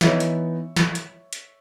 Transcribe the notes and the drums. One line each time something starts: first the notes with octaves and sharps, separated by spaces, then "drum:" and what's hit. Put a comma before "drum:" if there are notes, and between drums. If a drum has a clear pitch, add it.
E3 B3 D#4 C#5 E5, drum: snare
drum: hi-hat
drum: snare
drum: hi-hat
drum: hi-hat